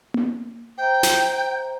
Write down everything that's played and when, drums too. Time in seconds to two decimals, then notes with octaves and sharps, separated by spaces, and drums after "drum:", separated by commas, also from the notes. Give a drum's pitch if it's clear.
0.14 drum: tom A#3
0.78 C5 E5 G5 A#5
1.03 drum: snare